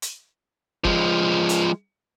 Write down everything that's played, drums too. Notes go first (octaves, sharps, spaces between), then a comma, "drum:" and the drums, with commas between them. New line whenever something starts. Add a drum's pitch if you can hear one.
drum: hi-hat
F3 G#3, drum: kick
drum: hi-hat